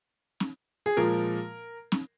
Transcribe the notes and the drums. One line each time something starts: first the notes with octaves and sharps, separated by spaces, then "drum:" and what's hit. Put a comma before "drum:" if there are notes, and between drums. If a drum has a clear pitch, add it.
drum: snare
G#4
A#2 F3 G#3 A#4
drum: snare